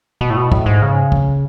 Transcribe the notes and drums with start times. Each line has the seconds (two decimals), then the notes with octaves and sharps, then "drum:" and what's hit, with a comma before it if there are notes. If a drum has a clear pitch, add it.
0.21 B2
0.30 A2
0.37 B2
0.52 A2, drum: kick
0.66 G#2
0.82 C#3
1.12 drum: kick